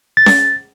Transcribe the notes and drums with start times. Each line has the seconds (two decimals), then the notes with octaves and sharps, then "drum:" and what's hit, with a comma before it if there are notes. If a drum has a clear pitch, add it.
0.17 A6
0.26 drum: snare C#4